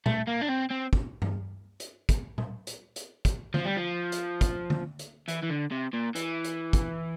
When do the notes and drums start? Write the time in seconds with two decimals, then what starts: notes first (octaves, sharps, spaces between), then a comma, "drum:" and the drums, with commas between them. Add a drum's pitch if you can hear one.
0.06 A3, drum: tom
0.28 A#3
0.42 D4
0.49 C4
0.71 C4
0.93 drum: kick
1.22 drum: tom G2
1.80 drum: hi-hat
2.09 drum: kick, hi-hat
2.38 drum: tom
2.67 drum: hi-hat
2.96 drum: hi-hat
3.25 drum: kick, hi-hat
3.54 F3, drum: tom D3
3.65 G3
3.77 F3
4.12 drum: hi-hat
4.41 drum: kick, hi-hat
4.70 drum: tom D3
4.99 drum: hi-hat
5.28 E3, drum: hi-hat
5.43 E3
5.50 D3
5.72 C3
5.93 A#2
6.15 E3, drum: hi-hat
6.44 drum: hi-hat
6.73 drum: kick, hi-hat